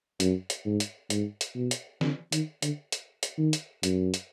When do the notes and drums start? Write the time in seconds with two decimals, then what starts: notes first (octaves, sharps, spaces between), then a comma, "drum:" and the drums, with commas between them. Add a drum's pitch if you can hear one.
0.20 F#2, drum: hi-hat
0.50 drum: hi-hat
0.65 G#2
0.80 drum: hi-hat
1.10 G#2, drum: hi-hat
1.41 drum: hi-hat
1.56 B2
1.71 drum: hi-hat
2.01 D3, drum: snare
2.32 D#3, drum: hi-hat
2.62 D3, drum: hi-hat
2.92 drum: hi-hat
3.23 drum: hi-hat
3.38 D#3
3.53 drum: hi-hat
3.83 F#2, drum: hi-hat
4.14 drum: hi-hat